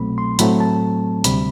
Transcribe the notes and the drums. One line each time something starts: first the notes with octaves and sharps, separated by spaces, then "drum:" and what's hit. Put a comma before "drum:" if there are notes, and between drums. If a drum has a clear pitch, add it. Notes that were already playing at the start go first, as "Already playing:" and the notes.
Already playing: C2 B2 F#3 A3 C4 B5
C6
A2 F#3 A3 C4 B5, drum: hi-hat
A5
D2 C3 G3 B5, drum: hi-hat